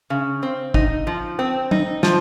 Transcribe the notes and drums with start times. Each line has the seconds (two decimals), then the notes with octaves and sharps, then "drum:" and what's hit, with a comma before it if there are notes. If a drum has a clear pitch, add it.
0.10 C#3
0.43 C4
0.74 D#4, drum: kick
1.07 F3
1.39 C4
1.71 D#4, drum: tom
2.03 F3, drum: snare